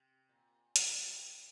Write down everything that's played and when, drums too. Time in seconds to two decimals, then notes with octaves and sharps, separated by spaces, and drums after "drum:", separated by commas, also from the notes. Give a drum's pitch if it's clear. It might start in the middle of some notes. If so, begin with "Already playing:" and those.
Already playing: C3
0.29 A#2
0.76 G2, drum: hi-hat